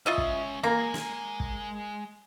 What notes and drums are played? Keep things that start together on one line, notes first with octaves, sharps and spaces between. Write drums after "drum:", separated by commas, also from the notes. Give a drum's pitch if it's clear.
G#3 C#4 F4 D#5 E5
drum: kick
G#3 A#3 G#5 A#5
drum: snare
drum: kick